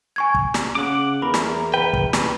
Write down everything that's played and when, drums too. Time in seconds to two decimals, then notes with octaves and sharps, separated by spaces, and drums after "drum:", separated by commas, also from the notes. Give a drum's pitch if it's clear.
0.16 G#5 C#6 G#6
0.34 drum: kick
0.54 drum: snare
0.75 C#3 F#5 D6
1.22 E2 A#4 B5
1.34 drum: snare
1.74 B4 G5
1.93 drum: kick
2.13 drum: snare